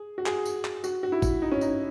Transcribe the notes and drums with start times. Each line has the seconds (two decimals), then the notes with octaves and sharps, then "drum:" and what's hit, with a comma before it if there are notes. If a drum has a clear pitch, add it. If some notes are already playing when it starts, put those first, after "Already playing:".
Already playing: G#4
0.18 F#4
0.26 G#4, drum: clap
0.46 drum: tambourine
0.65 drum: clap
0.84 F#4, drum: tambourine
1.03 F#4
1.12 E4
1.22 drum: kick, tambourine
1.42 D#4
1.52 C#4
1.61 D#4, drum: tambourine